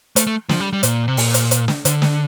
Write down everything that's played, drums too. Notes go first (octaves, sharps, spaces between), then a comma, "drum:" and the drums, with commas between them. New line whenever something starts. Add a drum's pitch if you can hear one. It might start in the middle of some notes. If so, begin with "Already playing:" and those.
A3, drum: hi-hat
A3
F3, drum: snare
G3
G3
A#2, drum: hi-hat
C3
A#2, drum: open hi-hat
drum: hi-hat
drum: hi-hat
drum: snare
D3, drum: hi-hat
drum: snare